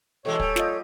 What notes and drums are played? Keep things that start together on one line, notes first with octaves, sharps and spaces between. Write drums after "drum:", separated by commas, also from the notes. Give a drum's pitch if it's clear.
B2 E3 G#3 A4 C#5
G3, drum: kick
F4 D#5, drum: snare